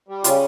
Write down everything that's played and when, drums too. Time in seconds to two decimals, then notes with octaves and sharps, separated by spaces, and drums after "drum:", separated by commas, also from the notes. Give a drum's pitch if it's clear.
0.08 G3
0.24 C#3 F4, drum: hi-hat